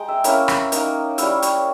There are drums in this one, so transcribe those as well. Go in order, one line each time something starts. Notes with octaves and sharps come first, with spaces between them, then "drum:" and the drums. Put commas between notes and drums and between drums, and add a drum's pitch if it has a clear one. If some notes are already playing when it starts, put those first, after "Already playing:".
Already playing: G#3 G5 A#5
E5
A#3 C#4 E4 E5, drum: hi-hat
drum: rim click
A#3 D#4, drum: hi-hat
G3 C#4 E4 E5, drum: hi-hat
C#5, drum: hi-hat